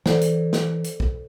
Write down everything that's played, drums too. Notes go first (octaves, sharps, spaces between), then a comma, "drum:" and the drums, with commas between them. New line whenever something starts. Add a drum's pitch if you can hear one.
E3 A4 C5 D5, drum: snare
drum: hi-hat
drum: snare
drum: hi-hat
drum: kick